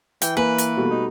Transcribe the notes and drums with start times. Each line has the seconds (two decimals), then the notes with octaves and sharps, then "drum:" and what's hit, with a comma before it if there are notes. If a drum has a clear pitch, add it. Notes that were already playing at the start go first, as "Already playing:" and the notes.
0.22 E3 G5, drum: hi-hat
0.37 A#3 B4 G#5
0.58 drum: hi-hat
0.77 B2 G3 A3
0.91 D#4